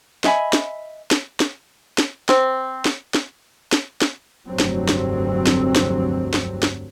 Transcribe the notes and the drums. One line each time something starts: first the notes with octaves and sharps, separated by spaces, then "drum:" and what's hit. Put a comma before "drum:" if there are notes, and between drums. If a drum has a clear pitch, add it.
D#5 E5 G#5 B5, drum: snare
drum: snare
drum: snare
drum: snare
drum: snare
C4, drum: snare
drum: snare
drum: snare
drum: snare
drum: snare
F1 D2 G2 F#3 C4
drum: snare
drum: snare
drum: snare
drum: snare
drum: snare
drum: snare